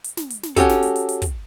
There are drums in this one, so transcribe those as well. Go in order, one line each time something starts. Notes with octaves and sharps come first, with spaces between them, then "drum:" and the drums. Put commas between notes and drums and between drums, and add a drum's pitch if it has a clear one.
drum: hi-hat
drum: snare
drum: hi-hat
drum: snare
C#4 F#4 G4 A4, drum: kick, hi-hat
drum: snare
drum: hi-hat
drum: hi-hat
drum: hi-hat
drum: kick, hi-hat